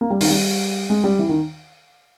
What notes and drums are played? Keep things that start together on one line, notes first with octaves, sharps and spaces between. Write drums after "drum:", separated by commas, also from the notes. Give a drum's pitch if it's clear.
A#3
G3
D#3, drum: open hi-hat
G3
G#3
G3
E3
D#3